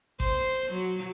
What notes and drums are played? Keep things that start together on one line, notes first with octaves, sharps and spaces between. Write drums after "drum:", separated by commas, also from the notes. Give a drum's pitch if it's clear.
C5, drum: kick G#1
F#3